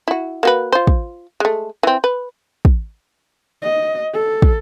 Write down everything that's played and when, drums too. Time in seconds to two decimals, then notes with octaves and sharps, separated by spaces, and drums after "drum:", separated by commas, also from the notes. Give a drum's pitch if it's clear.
0.08 E4 F#4
0.43 A#3 F#4 B4
0.72 F4 C5
0.87 drum: kick
1.40 G#3 A3
1.83 E3 C4
2.04 B4
2.65 drum: kick
3.63 D#5
4.14 A4
4.42 drum: kick